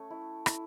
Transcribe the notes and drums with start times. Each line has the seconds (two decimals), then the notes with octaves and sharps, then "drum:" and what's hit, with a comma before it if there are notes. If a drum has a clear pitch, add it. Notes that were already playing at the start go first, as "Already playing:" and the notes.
Already playing: A3 C#4
0.10 E4
0.46 E4, drum: rim click